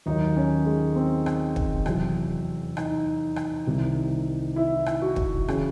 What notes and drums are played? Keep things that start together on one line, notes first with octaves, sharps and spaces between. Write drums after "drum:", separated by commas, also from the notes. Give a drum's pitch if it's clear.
D#2 D#3 F#3 D#4
C#4
G#3
C4
drum: rim click
drum: kick
E2 C3 F#3, drum: rim click
D#4, drum: rim click
drum: rim click
C2 C3 D#3
E4
drum: rim click
F#4
drum: kick
C#3 E3, drum: rim click